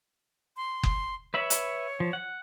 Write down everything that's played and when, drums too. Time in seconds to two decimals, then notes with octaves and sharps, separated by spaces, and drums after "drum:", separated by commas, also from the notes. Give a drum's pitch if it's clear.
0.57 C6
0.83 drum: kick F#1
1.34 B4 C#5 E5 B5
1.50 drum: hi-hat
2.00 F3
2.13 F#5